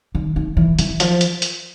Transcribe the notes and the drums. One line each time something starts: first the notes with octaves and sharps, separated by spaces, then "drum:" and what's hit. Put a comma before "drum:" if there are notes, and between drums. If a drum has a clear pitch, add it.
D#3
D#3
E3
E3, drum: hi-hat
F3, drum: hi-hat
drum: hi-hat
drum: hi-hat